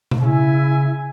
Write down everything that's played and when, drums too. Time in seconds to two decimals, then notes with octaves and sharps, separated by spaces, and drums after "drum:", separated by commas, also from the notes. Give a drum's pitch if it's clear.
0.11 drum: tom B2
0.22 C#3 E4 G#5